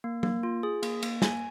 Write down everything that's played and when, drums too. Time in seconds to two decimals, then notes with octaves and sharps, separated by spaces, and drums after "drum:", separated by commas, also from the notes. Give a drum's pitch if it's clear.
0.04 A#3
0.23 A#3, drum: tom
0.43 F4
0.63 G#4
0.83 A#3, drum: cymbal
1.03 A#3, drum: cymbal
1.22 G#5, drum: snare